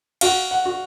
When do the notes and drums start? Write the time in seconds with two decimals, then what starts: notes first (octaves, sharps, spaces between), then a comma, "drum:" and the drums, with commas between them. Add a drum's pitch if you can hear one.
0.21 F#4 F5, drum: cymbal
0.51 F#5
0.65 F#4